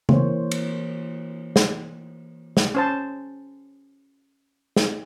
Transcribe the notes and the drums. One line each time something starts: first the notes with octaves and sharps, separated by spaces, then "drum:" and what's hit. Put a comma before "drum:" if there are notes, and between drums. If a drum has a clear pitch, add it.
E3 A#3 C5 C#5, drum: tom C#3
drum: cymbal
drum: snare
drum: snare
C#4 C5 A5
drum: snare